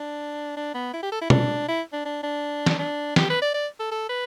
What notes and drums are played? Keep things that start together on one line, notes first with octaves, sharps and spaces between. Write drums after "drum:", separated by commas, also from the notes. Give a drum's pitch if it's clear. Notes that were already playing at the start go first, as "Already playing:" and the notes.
Already playing: D4
D4
B3
E4
G4
A4
E4
D4, drum: tom B2
E4
D4
D4
D4
drum: snare
D4
G4, drum: snare
B4
D5
D5
A4
A4
B4